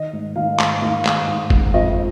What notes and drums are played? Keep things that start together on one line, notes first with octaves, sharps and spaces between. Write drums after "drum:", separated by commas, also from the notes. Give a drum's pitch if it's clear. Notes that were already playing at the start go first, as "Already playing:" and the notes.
Already playing: D#3 D#5
G#2
D#3 F5
G#2, drum: clap
D#3 F5
G#2, drum: clap
G#2
G#2, drum: kick G1
F2 D#5